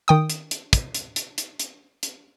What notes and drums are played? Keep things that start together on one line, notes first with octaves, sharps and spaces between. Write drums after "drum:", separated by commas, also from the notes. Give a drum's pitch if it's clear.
D#3 G5 D#6
drum: hi-hat
drum: hi-hat
drum: kick, hi-hat
drum: hi-hat
drum: hi-hat
drum: hi-hat
drum: hi-hat
drum: hi-hat